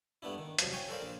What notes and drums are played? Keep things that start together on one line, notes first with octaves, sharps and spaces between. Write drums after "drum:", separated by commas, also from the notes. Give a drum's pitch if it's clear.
G2 A3 B3 D4 E4
D#3
C2 F#2 F3, drum: hi-hat
C#5 G5 G#5
A4 A#4 C5 D5 F5
A#1 A5